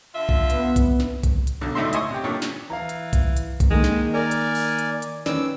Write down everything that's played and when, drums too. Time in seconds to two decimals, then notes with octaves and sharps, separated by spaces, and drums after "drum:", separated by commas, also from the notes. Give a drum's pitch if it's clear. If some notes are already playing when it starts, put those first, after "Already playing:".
0.15 D3 F4 E5
0.29 drum: kick B1
0.50 B3, drum: hi-hat
0.76 drum: kick B1, hi-hat
1.00 drum: snare
1.24 drum: kick B1, hi-hat
1.47 drum: hi-hat
1.61 B1 D3
1.75 D2 A2 A3 D#4 E5 C6
1.93 D#5 E5 G#5 C6 C#6 D#6, drum: hi-hat
2.10 C3 G4
2.24 G2 A#2 D3 A4 C#5
2.42 drum: snare
2.70 E3 F5 A#5
2.89 drum: hi-hat
3.13 drum: kick B1, hi-hat
3.37 drum: hi-hat
3.60 drum: kick B1, hi-hat
3.71 D#3 G#3 A#3
3.84 drum: snare
4.14 A#4 D5 G#5
4.31 drum: hi-hat
4.55 drum: open hi-hat
4.79 drum: hi-hat
5.02 drum: hi-hat
5.26 D#3 C#4 B4 D5 E6, drum: snare